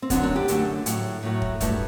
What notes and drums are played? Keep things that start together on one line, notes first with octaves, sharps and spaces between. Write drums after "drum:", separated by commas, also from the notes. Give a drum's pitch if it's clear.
C4
F#2 D3 F#3 A3 B3, drum: kick, hi-hat
D4
G4
F#2 D3 F#3 A3, drum: hi-hat
A2 F#3 A3, drum: hi-hat
A2 F#3 A3
drum: kick
G2 F#3 A3, drum: kick, hi-hat